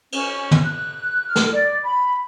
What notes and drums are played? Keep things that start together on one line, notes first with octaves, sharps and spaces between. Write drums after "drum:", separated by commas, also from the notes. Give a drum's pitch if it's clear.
C#4, drum: cymbal
drum: tom
F#6
F6
drum: snare
D5
B5